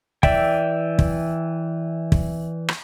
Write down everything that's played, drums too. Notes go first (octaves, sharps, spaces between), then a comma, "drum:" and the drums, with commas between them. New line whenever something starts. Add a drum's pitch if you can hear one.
E3 D5 E5 G5, drum: kick
drum: kick
drum: kick
drum: rim click